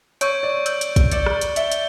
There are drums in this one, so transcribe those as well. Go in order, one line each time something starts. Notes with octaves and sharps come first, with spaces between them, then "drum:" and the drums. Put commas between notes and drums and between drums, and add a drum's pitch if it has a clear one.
C#5 C#6 E6 G6 D7, drum: hi-hat
D5
C#6 E6 G6 D7, drum: hi-hat
drum: hi-hat
drum: kick, hi-hat
D5 A6 C#7 E7 G7, drum: hi-hat
drum: rim click
drum: hi-hat
E5 A6 C#7 E7 G7, drum: hi-hat
drum: hi-hat